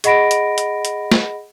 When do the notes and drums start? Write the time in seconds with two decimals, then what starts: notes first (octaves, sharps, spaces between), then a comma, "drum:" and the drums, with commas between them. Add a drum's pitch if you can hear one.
0.04 G#4 D#5 F#5 B5 A#6 D7, drum: hi-hat
0.31 drum: hi-hat
0.58 drum: hi-hat
0.85 drum: hi-hat
1.12 drum: snare